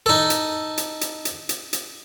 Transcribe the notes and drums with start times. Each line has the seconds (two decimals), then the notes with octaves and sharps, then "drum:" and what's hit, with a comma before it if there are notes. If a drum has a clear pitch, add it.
0.06 D#4 A4
0.30 drum: hi-hat
0.78 drum: hi-hat
1.01 drum: hi-hat
1.25 drum: hi-hat
1.49 drum: hi-hat
1.73 drum: hi-hat